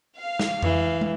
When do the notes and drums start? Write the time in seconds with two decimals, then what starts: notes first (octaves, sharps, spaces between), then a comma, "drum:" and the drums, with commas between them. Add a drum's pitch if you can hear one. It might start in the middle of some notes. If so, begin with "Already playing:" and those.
0.19 F5
0.39 drum: snare
0.63 E3, drum: tom F2
1.01 drum: tom